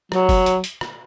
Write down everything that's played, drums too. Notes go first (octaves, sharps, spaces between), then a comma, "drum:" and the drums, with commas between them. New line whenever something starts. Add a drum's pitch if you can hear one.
F#3, drum: rim click
drum: kick, open hi-hat
drum: hi-hat
drum: hi-hat
drum: rim click